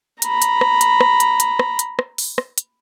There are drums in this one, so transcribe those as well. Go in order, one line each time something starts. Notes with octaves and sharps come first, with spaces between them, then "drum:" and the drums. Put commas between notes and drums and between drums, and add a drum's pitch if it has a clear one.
A#5 B5, drum: hi-hat
drum: hi-hat
drum: rim click
drum: hi-hat
drum: rim click
drum: hi-hat
drum: hi-hat
drum: rim click
drum: hi-hat
drum: rim click
drum: open hi-hat
drum: rim click
drum: hi-hat